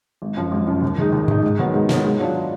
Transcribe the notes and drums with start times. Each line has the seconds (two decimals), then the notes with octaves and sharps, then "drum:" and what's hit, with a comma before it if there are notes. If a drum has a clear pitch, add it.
0.22 G#1
0.37 F#2 F3
0.52 G#1
0.67 F#2 F3
0.82 D#2
0.98 D#3 G#3 D#4
1.12 D#2
1.28 D#3 G#3 D#4, drum: tom G#2
1.43 G#2
1.59 D#3 F#3 B3
1.74 G#2
1.89 D#3 F#3 B3, drum: snare
2.05 G#2
2.19 F#3 D4 F4